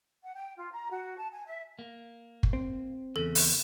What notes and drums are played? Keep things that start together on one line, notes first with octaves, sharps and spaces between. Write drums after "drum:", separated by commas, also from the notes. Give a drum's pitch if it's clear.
F#5
G5
F4
A#5
F#4
A5
G#5
E5
A#3
drum: kick
C4
E2 C#3 A4
drum: open hi-hat